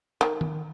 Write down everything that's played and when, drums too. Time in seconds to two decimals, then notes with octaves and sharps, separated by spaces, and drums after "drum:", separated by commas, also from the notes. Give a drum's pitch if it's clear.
0.21 D#3, drum: rim click
0.41 drum: tom D#3